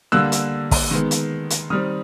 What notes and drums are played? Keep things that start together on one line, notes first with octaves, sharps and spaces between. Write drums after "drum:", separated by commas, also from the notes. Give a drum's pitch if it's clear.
D3 G3 A#3 E6 F#6
drum: hi-hat
drum: kick, open hi-hat
D#3 G#3 B3
drum: hi-hat
drum: hi-hat
D#3 G3 C4 D#6 F6